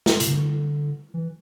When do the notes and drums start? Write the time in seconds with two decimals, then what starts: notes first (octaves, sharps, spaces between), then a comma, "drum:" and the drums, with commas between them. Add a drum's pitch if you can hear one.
0.06 drum: snare
0.20 B2, drum: hi-hat
0.27 C#3
0.34 D3
1.14 E3